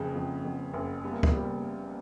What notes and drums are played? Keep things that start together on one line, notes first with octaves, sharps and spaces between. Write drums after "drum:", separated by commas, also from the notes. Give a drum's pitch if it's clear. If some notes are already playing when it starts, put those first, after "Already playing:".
Already playing: F#1 F2 C#3 B3
F2
F2
F#1
G3 B3
A#3
B3, drum: kick C#2
G3